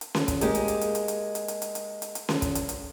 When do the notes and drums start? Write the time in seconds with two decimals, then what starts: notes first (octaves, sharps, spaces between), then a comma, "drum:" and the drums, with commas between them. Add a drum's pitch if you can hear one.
0.01 drum: hi-hat
0.15 drum: snare C#4
0.28 drum: kick, hi-hat
0.41 G#3 A#3 G4, drum: hi-hat
0.55 drum: hi-hat
0.68 drum: hi-hat
0.81 drum: hi-hat
0.95 drum: hi-hat
1.08 drum: hi-hat
1.35 drum: hi-hat
1.48 drum: hi-hat
1.62 drum: hi-hat
1.75 drum: hi-hat
2.02 drum: hi-hat
2.15 drum: hi-hat
2.29 drum: snare C#4
2.42 drum: kick, hi-hat
2.55 drum: hi-hat
2.69 drum: hi-hat